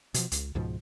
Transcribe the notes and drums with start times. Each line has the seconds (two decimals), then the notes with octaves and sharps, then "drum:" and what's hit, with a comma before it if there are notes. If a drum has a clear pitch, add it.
0.14 B2 F3, drum: hi-hat
0.32 C#2, drum: hi-hat
0.55 C#2 G#2 B2 F3